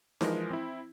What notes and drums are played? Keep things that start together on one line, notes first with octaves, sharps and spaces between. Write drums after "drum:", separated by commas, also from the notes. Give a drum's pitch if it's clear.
E3 F3 G#3 A#4, drum: snare D#4
C4 E4